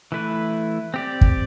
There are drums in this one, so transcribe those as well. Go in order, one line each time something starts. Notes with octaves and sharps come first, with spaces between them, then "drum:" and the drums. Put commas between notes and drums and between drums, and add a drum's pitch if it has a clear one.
E3 A3 E4 B4
C4 G4 D5
drum: kick